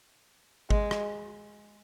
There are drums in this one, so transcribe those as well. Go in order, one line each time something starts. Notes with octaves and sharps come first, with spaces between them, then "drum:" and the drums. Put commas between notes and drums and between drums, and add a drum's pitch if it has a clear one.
G#3, drum: kick G#1
drum: rim click